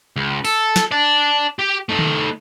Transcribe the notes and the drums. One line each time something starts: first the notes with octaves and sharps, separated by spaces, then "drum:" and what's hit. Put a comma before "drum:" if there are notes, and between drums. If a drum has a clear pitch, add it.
C#2
A4, drum: open hi-hat
drum: snare
D5 A5
G4
A3 D#4
drum: tom D3